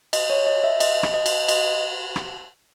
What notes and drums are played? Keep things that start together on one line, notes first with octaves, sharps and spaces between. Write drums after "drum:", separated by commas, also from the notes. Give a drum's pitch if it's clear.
D#5, drum: cymbal
C#5
D#5
E5
D#5, drum: cymbal
drum: rim click
D#5
drum: cymbal
D#5, drum: cymbal
drum: rim click